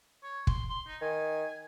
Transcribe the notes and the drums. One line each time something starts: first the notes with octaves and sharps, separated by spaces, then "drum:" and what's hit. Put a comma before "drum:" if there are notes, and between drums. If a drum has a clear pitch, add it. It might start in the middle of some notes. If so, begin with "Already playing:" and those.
C#5
C6, drum: kick
C6
D#4
D#3 G#5